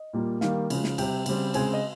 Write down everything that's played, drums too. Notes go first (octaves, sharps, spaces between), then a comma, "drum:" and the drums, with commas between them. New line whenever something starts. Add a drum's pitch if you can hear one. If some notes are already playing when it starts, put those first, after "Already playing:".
Already playing: D#5
A#2 G3 A#3
D#3 G3 A#3 F5, drum: snare
C#3 F3 G#3, drum: cymbal
drum: snare
C3 G3 C4 G5, drum: cymbal
C#3 G3 C4, drum: cymbal
C#3 G#3 C4 G#5, drum: cymbal
D#5